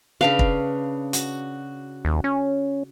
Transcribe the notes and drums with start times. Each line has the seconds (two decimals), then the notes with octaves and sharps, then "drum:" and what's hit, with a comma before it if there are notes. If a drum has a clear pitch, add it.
0.21 C#3 D4 B4 F5
0.39 drum: kick
1.13 F#4, drum: hi-hat
2.05 D#2
2.24 C#4